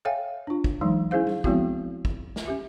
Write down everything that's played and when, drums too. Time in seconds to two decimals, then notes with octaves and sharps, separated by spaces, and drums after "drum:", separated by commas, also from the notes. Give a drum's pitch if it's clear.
0.05 A4 C#5 E5 F5 G5 G#5
0.47 D4 F4
0.64 drum: kick
0.81 E3 F#3 G#3 D#4
1.11 C#4 E4 G#4 C5 F5
1.27 drum: tom G3
1.44 F3 G#3 B3 C4 E4 F#4, drum: kick
2.05 drum: kick
2.36 drum: snare
2.46 C#4 G4 E5